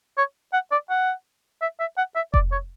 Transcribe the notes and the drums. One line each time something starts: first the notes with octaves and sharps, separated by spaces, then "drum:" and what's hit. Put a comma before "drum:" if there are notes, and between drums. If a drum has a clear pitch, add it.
C#5
F#5
D5
F#5
E5
E5
F#5
E5
D5, drum: kick F1
C#5